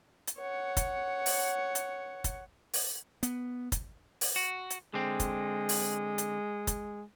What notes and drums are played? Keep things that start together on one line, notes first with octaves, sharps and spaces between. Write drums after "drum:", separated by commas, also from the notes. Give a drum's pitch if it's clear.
drum: hi-hat
C#5 F#5
drum: kick, hi-hat
drum: open hi-hat
drum: hi-hat
drum: kick, hi-hat
drum: open hi-hat
B3, drum: hi-hat
drum: kick, hi-hat
drum: open hi-hat
F#4
drum: hi-hat
D3 G#3 C4
drum: kick, hi-hat
drum: open hi-hat
drum: hi-hat
drum: kick, hi-hat